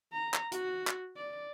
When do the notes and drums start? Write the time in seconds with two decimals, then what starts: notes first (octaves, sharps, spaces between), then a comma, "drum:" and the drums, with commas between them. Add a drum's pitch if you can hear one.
0.13 A#5
0.34 drum: clap
0.52 F#4, drum: hi-hat
0.87 drum: clap
1.16 D5